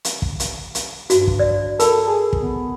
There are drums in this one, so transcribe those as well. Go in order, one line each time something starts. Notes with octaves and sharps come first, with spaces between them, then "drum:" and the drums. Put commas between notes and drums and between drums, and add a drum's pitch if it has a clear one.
drum: hi-hat
drum: kick
drum: hi-hat
drum: hi-hat
G2 F#4, drum: hi-hat
drum: kick
D5
A4 A#4 B5, drum: hi-hat
G#4
drum: kick
B3